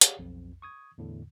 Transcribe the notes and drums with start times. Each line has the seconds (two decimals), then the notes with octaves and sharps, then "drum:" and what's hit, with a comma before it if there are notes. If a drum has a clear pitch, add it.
0.01 G4 G#4 C#5 D5 F5 F#5, drum: hi-hat
0.19 B1 F2
0.62 C#6 D#6 G#6
0.98 E2 A2 D3